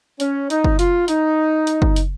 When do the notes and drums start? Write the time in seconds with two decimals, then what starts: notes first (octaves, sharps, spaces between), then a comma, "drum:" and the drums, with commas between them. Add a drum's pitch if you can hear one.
0.20 C#4, drum: hi-hat
0.50 D#4, drum: hi-hat
0.64 drum: kick
0.79 F4, drum: hi-hat
1.08 D#4, drum: hi-hat
1.67 drum: hi-hat
1.82 drum: kick
1.96 drum: hi-hat